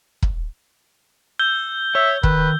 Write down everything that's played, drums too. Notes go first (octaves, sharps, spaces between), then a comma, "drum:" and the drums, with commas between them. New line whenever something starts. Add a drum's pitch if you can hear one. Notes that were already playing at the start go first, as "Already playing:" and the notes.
drum: kick
E6 G6 G7
C#5 E5
D#3 B4, drum: kick